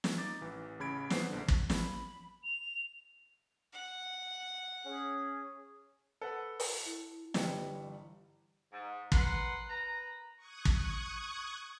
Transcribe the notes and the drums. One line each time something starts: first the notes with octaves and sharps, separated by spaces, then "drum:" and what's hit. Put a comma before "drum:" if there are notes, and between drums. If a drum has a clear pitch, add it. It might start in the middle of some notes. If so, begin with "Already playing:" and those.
drum: snare
D#4 D6 A6
A1 E3
A1 C#3 B5 G#6 D7
E3 B3 C5 F#5 C7, drum: snare
A#1 D3
drum: kick
B5, drum: snare
F7
F#5
C#4 G#4
A4 B4 F#5
drum: open hi-hat
E4
G1 E3 G3 B4 D#5 C#7, drum: snare
G#2
A#4 B4 F#5 C6, drum: kick
A#4 B4 A#5
C#6 D#6 F#6 G#6
drum: kick